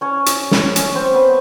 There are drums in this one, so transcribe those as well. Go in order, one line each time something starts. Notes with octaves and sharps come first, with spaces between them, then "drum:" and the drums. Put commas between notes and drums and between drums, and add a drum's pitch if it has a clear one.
C#4 C#5
drum: hi-hat
drum: snare
C#4 C#5, drum: hi-hat
C4 C5
B3 B4